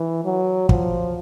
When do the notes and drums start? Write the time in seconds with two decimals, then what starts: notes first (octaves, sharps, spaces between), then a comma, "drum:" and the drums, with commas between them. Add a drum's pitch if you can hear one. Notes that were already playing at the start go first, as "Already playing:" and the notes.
Already playing: E3
0.25 F#3
0.69 F3, drum: kick